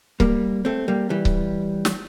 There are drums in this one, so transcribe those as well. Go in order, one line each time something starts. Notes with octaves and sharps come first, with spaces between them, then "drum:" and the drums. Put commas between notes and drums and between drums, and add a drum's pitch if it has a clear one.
G3 A#3, drum: kick C#1
A3 C4
G3 A#3
E3 G3
drum: kick C#1
drum: snare